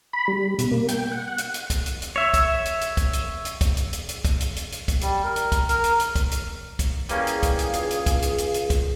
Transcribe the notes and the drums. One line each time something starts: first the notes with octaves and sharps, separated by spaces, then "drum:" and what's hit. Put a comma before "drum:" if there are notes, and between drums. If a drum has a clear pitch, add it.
B5
G3
B2, drum: hi-hat
A#3
G5, drum: hi-hat
F#5
F#5
drum: hi-hat
drum: hi-hat
drum: kick, hi-hat
drum: hi-hat
drum: hi-hat
C#5 E5
drum: kick, hi-hat
drum: hi-hat
drum: hi-hat
drum: kick, hi-hat
drum: hi-hat
drum: hi-hat
drum: kick, hi-hat
drum: hi-hat
drum: hi-hat
drum: hi-hat
drum: kick, hi-hat
drum: hi-hat
drum: hi-hat
drum: hi-hat
drum: kick, hi-hat
G3, drum: hi-hat
A#4
drum: hi-hat
drum: kick, hi-hat
A#4, drum: hi-hat
drum: hi-hat
drum: hi-hat
drum: kick, hi-hat
drum: hi-hat
drum: kick, hi-hat
E3 G3 A#3 C#4 G#4 F5, drum: hi-hat
drum: hi-hat
drum: kick, hi-hat
drum: hi-hat
C#2, drum: hi-hat
drum: hi-hat
drum: kick, hi-hat
drum: hi-hat
drum: hi-hat
drum: hi-hat
drum: kick, hi-hat